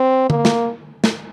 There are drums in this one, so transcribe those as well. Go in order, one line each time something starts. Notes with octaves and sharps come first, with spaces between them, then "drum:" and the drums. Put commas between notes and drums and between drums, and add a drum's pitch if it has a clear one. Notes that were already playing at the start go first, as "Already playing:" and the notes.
Already playing: C4
A#3, drum: tom D3
drum: snare
drum: snare